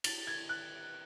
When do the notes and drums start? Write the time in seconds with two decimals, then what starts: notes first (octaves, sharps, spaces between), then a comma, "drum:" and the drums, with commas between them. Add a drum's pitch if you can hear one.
0.04 A6, drum: cymbal
0.27 G#6
0.49 F#6